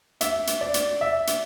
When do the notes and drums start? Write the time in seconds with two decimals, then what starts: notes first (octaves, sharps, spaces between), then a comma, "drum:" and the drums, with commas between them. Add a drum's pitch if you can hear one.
0.21 E5, drum: hi-hat
0.47 drum: hi-hat
0.61 D5
0.74 drum: hi-hat
1.01 E5
1.27 drum: hi-hat